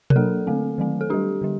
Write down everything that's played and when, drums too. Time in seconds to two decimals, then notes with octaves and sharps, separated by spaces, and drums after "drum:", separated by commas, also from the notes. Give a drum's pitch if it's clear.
0.10 A#4, drum: tom B2
0.16 F#3 A#3 D4 A4
0.47 D3 A3 C4
0.78 D#3 F#3 A3 C4
1.01 A4
1.10 G3 D4 G4
1.42 D3 G3